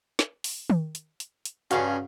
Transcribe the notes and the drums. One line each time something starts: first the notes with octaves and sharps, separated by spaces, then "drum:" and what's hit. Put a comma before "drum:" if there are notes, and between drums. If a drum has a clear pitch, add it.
drum: snare
drum: open hi-hat
drum: tom D#3
drum: hi-hat
drum: hi-hat
drum: hi-hat
G2 C#3 C#4 F#4 F5, drum: hi-hat